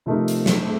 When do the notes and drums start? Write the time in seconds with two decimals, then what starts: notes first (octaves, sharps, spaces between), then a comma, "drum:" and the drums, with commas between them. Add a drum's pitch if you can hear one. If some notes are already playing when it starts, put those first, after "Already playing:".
0.06 C3 F3 A3 D#4 A#4
0.28 drum: hi-hat
0.46 drum: snare
0.63 A3 C4